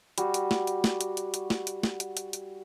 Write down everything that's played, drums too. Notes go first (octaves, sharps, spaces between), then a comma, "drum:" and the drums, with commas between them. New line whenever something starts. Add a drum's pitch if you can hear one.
G3 F#4, drum: hi-hat
drum: hi-hat
drum: snare
drum: hi-hat
drum: snare
drum: hi-hat
drum: hi-hat
drum: hi-hat
drum: snare
drum: hi-hat
drum: snare
drum: hi-hat
drum: hi-hat
drum: hi-hat